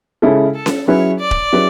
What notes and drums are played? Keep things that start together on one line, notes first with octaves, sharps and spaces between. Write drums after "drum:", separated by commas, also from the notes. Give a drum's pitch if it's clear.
C#3 G#3 C#4 E4 A4
A4
drum: snare C#4
F#3 C#4 E4 G#4 B4 C#5
D5
drum: kick D#1
F#3 C#4 E4 G#4 B4